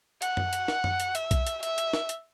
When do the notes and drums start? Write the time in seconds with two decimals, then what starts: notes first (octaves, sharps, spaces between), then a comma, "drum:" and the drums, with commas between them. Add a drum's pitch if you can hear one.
0.22 F#5, drum: hi-hat
0.37 drum: tom F#2
0.53 drum: hi-hat
0.68 drum: snare
0.84 drum: tom F#2
1.00 drum: hi-hat
1.15 E5, drum: hi-hat
1.31 drum: kick B1, hi-hat
1.47 drum: hi-hat
1.63 E5, drum: hi-hat
1.78 drum: hi-hat
1.93 drum: snare
2.09 drum: hi-hat